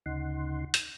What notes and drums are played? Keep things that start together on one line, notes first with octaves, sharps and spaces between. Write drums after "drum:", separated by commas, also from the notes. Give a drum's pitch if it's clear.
D2 C#3 D#4 F#5 C6
drum: hi-hat